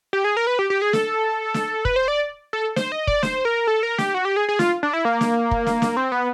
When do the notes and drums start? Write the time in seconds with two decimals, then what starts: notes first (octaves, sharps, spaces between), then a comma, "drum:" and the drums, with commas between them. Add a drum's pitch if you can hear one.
0.13 G4
0.24 G#4
0.37 A#4
0.47 B4
0.59 G4
0.70 G4
0.82 G#4
0.93 A4, drum: snare
1.54 drum: snare
1.85 B4, drum: kick
1.96 C5
2.08 D5
2.53 A4
2.76 C5, drum: snare
2.92 D#5
3.07 D5, drum: kick
3.23 C5, drum: snare
3.45 A#4
3.67 A4
3.83 A#4
3.98 G4, drum: snare
4.14 F#4
4.25 G4
4.36 G#4
4.49 G#4
4.59 F4, drum: snare
4.83 D4
4.93 E4
5.05 A#3
5.21 drum: snare
5.51 drum: kick
5.67 drum: snare
5.82 drum: snare
5.97 C4
6.12 B3